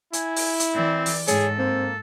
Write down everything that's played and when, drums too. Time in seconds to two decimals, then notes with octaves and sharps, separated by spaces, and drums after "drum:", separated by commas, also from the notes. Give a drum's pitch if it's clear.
0.13 E4 G#5, drum: hi-hat
0.36 drum: open hi-hat
0.60 drum: hi-hat
0.75 E3 C4 D5
1.06 drum: open hi-hat
1.27 G#2 G#4 A4 C#5, drum: hi-hat
1.58 A#3 C4